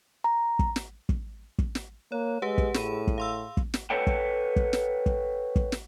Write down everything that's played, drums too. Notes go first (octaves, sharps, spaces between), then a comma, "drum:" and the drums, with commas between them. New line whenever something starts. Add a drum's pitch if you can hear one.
A#5
drum: kick
drum: snare
drum: kick
drum: kick
drum: snare
A#3 C#5
G#3 G4 B4 F#5
drum: kick
A2 G#4 B5 D#7, drum: snare
drum: kick
F5 C6 E6
drum: kick
drum: snare
A4 B4 C#5 F#5 G5
drum: kick
drum: kick
drum: snare
drum: kick
drum: kick
drum: snare